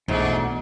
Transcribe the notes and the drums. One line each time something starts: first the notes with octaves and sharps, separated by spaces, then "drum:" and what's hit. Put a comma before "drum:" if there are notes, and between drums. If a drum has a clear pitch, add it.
E2 G#2 B2 A3 D4, drum: kick B1